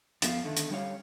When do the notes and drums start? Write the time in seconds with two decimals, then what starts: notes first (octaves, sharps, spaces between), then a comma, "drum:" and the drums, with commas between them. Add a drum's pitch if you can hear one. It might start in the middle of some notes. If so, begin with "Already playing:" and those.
0.22 F2 A3 B3 F5, drum: hi-hat
0.44 D3 D#3 A3
0.57 drum: hi-hat
0.70 G3 C#4 C#5 F5